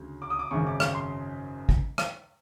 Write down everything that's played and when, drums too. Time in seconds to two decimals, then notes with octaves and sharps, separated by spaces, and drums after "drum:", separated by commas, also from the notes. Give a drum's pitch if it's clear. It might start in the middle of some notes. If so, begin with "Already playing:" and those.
Already playing: D2 C#3 F#3
0.22 D6
0.30 D#6
0.39 D6
0.51 G#1 F#2 C#3 C#6
0.67 D6
0.80 C#6, drum: rim click
0.95 C6
1.69 drum: kick
1.98 drum: rim click